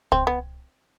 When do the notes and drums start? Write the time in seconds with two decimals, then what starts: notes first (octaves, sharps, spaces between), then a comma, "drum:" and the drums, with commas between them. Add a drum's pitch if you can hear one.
0.12 C4, drum: kick
0.27 B3